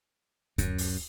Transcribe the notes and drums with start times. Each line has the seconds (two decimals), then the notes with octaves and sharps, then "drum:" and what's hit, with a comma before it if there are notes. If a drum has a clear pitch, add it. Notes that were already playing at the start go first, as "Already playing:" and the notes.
0.58 F#2, drum: kick D2, hi-hat
0.78 drum: open hi-hat